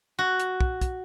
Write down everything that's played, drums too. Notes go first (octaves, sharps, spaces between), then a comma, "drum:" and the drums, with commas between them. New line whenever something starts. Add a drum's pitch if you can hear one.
F#4
drum: hi-hat
drum: kick
drum: kick, hi-hat